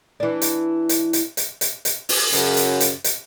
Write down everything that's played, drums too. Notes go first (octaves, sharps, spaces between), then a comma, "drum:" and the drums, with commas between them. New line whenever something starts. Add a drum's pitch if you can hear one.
E3 D4
drum: hi-hat
drum: hi-hat
drum: hi-hat
drum: hi-hat
drum: hi-hat
drum: hi-hat
drum: open hi-hat
F#2 C#3, drum: hi-hat
drum: hi-hat
drum: hi-hat
drum: hi-hat